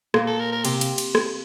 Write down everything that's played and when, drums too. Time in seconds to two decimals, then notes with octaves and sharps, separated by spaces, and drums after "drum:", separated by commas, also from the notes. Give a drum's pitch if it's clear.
0.14 A#2, drum: rim click
0.27 A4
0.39 A#4
0.52 A#4
0.65 C3 G4, drum: cymbal
0.81 drum: cymbal
0.98 drum: cymbal
1.15 drum: rim click